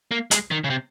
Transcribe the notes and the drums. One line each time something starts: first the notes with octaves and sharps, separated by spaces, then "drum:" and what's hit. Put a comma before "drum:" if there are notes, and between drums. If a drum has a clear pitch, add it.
A#3
G#3, drum: hi-hat
D#3
C#3
C3